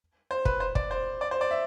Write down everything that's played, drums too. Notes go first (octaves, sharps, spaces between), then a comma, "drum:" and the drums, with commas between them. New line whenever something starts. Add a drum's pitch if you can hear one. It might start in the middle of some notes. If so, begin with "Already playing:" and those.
C5
B4, drum: kick
C5
D5, drum: kick
C5
D5
C5
D5
E5